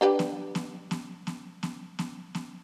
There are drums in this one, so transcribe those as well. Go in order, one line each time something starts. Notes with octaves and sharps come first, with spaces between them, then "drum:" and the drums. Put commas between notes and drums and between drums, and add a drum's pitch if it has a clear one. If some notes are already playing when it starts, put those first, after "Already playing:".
D4 G4 B4
drum: snare B3
drum: snare B3
drum: snare B3
drum: snare B3
drum: snare B3
drum: snare B3
drum: snare B3